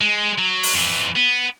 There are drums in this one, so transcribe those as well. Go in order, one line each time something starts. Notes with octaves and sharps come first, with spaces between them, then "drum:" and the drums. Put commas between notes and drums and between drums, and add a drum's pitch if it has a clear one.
G#3
F#3
drum: open hi-hat
F2 E3
B3